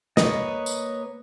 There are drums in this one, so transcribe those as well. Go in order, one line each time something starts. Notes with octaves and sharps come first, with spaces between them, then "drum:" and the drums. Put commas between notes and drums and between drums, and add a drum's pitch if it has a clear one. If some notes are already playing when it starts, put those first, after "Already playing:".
A#3 B4 C#5 D#5, drum: snare
drum: tambourine